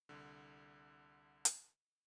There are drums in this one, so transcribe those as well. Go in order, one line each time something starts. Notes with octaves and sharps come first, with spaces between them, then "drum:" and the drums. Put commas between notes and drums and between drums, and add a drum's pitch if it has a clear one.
C2 D3
drum: hi-hat